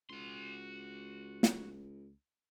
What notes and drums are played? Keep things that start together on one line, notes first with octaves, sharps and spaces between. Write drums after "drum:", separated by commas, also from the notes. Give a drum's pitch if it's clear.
C#2 F#4 C6
drum: snare